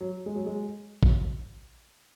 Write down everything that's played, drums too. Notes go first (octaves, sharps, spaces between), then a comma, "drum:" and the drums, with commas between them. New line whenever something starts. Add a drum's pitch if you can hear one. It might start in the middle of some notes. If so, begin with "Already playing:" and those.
F#3
G#3
F#3
G#3
F#3, drum: kick A1